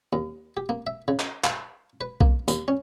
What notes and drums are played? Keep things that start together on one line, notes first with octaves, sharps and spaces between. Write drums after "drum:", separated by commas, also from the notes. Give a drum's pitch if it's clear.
D#2
G4
A#3
E5
C#3
drum: clap
F5, drum: clap
B4
A#3, drum: kick B1
D#2, drum: tambourine
C#4